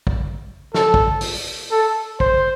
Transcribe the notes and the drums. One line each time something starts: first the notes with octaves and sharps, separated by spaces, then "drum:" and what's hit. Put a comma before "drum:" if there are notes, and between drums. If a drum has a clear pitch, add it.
drum: kick
A4, drum: snare
drum: kick
drum: open hi-hat
A4
C5, drum: kick